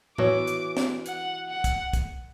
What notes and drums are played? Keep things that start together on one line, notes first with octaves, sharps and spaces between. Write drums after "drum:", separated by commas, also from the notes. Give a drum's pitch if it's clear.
E3 B3 F#4 C#5 D6, drum: tom A2
drum: hi-hat
drum: snare
F#5, drum: hi-hat
F#5
drum: kick, hi-hat
drum: kick, hi-hat